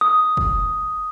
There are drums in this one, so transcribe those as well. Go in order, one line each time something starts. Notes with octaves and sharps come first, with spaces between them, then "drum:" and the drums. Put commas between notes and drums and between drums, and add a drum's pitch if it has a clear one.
D#6
drum: kick